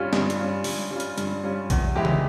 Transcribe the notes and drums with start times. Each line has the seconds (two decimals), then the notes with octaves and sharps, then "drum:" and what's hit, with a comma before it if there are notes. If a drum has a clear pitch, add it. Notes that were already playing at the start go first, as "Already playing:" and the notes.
Already playing: G2 G3 C#4 F4
0.13 G2, drum: snare B3
0.30 drum: hi-hat
0.39 G3 C#4 F4
0.64 G2, drum: open hi-hat
0.91 G3 C#4 F4
1.00 drum: hi-hat
1.18 G2, drum: hi-hat
1.44 G3 C#4 F4
1.70 E2, drum: kick A#1, hi-hat
1.96 E3 G#3 E4 G4
2.05 drum: tom C#3